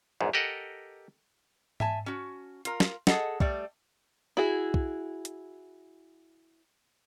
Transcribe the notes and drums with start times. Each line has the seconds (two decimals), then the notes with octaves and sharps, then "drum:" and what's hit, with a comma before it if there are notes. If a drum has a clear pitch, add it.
0.21 A#1 E2 G#2
0.33 G4 A4 A#4 D#5 F#5
1.80 E5 G#5 A5, drum: tom G#2
2.06 C#4 F#4
2.65 F4 A#4, drum: hi-hat
2.80 drum: snare
3.07 G#4 A4 D#5 F#5, drum: snare
3.40 G3 A3 D5, drum: kick
4.37 E4 F#4 G#4
4.74 drum: kick
5.25 drum: hi-hat